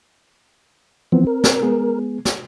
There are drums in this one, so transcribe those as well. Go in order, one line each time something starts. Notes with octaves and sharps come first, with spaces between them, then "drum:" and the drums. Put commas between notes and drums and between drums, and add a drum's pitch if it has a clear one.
E3 F3 B3 C4
A#4
drum: snare
G#3 B3 G#4
drum: snare